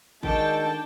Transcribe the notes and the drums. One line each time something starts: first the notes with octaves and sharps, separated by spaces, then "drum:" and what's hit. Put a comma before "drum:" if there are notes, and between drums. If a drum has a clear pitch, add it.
D#3 G#3 D4 F#4 A4 G5 A5, drum: kick G#1